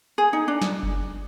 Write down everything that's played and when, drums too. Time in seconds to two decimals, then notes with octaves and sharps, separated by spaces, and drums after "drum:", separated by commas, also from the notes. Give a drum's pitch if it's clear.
0.18 G#4
0.33 D#4
0.48 D4
0.62 drum: snare
0.83 drum: kick F#1